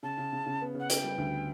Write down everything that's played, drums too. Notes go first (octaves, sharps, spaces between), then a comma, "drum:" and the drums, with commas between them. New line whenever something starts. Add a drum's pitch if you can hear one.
C#3 A5
C#3
C#3
C#3
B3
C#3
F#5
B3 G5, drum: hi-hat
G3
D2